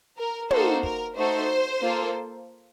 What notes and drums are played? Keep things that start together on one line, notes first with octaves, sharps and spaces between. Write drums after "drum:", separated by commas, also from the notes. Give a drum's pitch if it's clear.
A#4
A#3 D#4 F#4 A4 C5, drum: tom
A#4, drum: kick
A3 D#4 F#4 A4 C5
A#3 F4 A4